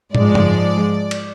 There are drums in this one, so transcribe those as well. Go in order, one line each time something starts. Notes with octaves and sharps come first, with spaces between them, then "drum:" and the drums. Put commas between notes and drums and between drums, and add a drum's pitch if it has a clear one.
G#2 F3 G#3 D5, drum: tom
drum: tom F#2
drum: cymbal